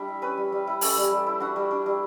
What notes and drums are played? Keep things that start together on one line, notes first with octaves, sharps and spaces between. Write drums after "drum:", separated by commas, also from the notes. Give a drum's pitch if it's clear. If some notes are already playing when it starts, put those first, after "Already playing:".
Already playing: G3 D4 D5 E5
E4
C#4 B4 B5
G3
G3
E4
C#4 A4 A5, drum: open hi-hat
G3
G3
E4
D4 F#4 F#5
G3
D4
G3